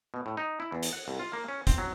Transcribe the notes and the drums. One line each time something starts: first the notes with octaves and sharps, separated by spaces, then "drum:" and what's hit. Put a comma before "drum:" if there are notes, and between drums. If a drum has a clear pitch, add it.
B2
A2
D#4
E4
E2
drum: hi-hat
F#5
C2
F4
A#3
C#4
C4, drum: kick, hi-hat
F#3